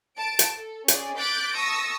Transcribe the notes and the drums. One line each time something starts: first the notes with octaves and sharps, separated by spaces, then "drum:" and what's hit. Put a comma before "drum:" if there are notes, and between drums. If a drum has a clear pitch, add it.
A5 D7
drum: hi-hat
A4
C#4 G#4 D5, drum: hi-hat
D6 F#6 G6 A6 B6 D7
A5 C#6 D#6 E6 A#6